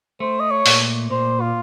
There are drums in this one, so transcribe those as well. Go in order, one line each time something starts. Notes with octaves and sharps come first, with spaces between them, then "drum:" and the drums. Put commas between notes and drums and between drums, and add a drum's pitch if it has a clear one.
A3 C5
D#5
C#5
A#2, drum: open hi-hat
A#2 C5
F4